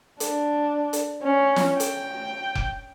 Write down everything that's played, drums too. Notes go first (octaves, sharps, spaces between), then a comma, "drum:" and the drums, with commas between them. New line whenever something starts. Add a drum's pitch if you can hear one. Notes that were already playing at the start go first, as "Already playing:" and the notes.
D4, drum: hi-hat
drum: hi-hat
C#4
drum: snare
G5, drum: hi-hat
drum: kick F1